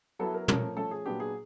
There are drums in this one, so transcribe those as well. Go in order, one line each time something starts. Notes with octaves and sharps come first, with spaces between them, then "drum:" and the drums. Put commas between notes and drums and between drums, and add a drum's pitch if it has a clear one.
F#3 B3 E4 A4
A#4
F3 A3 C#4 A#4, drum: tom
F3 A3 C#4 A4
G#4
A#2 F#3 B3 D4 G4
G#4